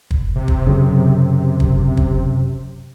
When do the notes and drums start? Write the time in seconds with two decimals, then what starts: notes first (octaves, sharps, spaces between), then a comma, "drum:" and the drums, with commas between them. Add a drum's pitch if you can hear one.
0.11 drum: kick
0.36 C3
0.48 drum: kick
0.67 F#2 C#3
1.60 drum: kick
1.97 drum: kick